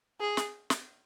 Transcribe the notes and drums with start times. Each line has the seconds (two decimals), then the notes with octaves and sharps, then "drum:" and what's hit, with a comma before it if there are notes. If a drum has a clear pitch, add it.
0.21 G#4
0.37 drum: snare
0.70 drum: snare